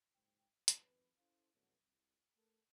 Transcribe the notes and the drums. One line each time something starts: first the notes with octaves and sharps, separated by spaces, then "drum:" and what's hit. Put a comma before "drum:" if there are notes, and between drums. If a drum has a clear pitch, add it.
F#1 G#2 C5 G5
G#1 F2 B3 B4, drum: hi-hat
C#4 E4 A4 C5 F5
C2 F#2 F#3 A3 B3
C2
A3 A4 A#4